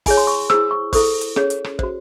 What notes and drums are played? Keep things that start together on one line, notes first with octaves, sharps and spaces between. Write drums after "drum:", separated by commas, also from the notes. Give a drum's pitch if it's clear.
E4 G#4 C#5 G#5, drum: kick, open hi-hat
C6
C#6
E4 G#4 C5 E6, drum: rim click
C#6
E4 A4 C5 C#6, drum: kick, open hi-hat
drum: hi-hat
C#4 G#4 C#5, drum: rim click
drum: hi-hat
drum: rim click
F#4 C5, drum: kick